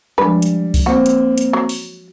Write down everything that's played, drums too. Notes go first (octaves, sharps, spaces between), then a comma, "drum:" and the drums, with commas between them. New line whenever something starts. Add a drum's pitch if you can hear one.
F3 G3 G#3 D4 B4
drum: hi-hat
drum: kick C#2, open hi-hat
A#3 C4 F#4
drum: hi-hat
drum: hi-hat
F#3
drum: open hi-hat